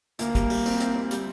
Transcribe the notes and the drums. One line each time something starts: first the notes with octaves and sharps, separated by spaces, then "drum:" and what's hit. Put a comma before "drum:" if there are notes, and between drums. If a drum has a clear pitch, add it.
D2 A#3, drum: hi-hat
G3, drum: kick, hi-hat
G3, drum: open hi-hat
C4, drum: open hi-hat
C4, drum: hi-hat
C4
G3, drum: hi-hat